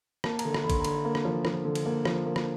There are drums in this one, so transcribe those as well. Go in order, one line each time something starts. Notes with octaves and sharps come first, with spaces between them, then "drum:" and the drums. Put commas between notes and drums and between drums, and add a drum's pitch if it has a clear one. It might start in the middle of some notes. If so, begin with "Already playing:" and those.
A#3 A5, drum: rim click
A#5, drum: cymbal
D3
drum: rim click
D3 B5
C6, drum: kick, cymbal
A#5
D3 B5, drum: cymbal
A#3
drum: rim click
F3
F3, drum: rim click
D3
drum: cymbal
A#3
F3, drum: rim click
A#3
drum: rim click